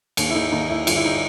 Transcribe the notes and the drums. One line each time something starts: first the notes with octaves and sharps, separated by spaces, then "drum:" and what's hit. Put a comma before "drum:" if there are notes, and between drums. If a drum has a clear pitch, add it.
D#2, drum: cymbal
E4
D#2 D#4
D#2 D#4
D#2 E4
G1 F4, drum: cymbal
E4
D#4